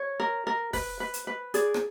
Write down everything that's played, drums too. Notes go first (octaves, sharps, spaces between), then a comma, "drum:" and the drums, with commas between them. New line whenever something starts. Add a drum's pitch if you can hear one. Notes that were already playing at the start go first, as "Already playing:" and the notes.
Already playing: C#5
A#4
A#4
B4, drum: kick, open hi-hat
B4
drum: hi-hat
B4
G#4 D5, drum: hi-hat
drum: rim click